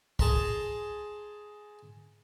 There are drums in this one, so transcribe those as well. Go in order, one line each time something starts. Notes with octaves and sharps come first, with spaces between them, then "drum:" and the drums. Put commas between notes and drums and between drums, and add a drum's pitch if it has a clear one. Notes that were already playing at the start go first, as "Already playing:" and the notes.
G#4 A5 A#5 C6, drum: kick